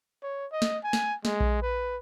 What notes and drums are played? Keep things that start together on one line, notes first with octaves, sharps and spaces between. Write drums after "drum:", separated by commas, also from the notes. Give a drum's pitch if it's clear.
C#5
D#5
drum: snare
G#5
drum: snare
G#3, drum: snare
drum: kick A#1
B4